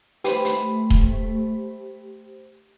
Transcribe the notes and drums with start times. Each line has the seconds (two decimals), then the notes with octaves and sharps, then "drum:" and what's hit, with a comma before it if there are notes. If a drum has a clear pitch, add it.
0.24 A3 G4 B4 C5, drum: hi-hat
0.45 drum: hi-hat
0.90 drum: kick D#1